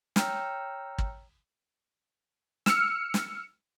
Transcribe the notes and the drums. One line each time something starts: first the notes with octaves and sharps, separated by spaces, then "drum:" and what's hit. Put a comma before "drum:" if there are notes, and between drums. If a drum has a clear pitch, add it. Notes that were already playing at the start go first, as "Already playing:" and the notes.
C#5 G5 A#5 E6 F6, drum: snare
drum: kick
E6 F6 C#7, drum: snare
drum: snare